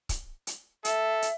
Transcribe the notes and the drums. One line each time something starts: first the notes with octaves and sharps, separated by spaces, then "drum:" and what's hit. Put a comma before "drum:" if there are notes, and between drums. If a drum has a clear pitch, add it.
drum: kick C#1, hi-hat
drum: hi-hat
A4 E5, drum: hi-hat
drum: hi-hat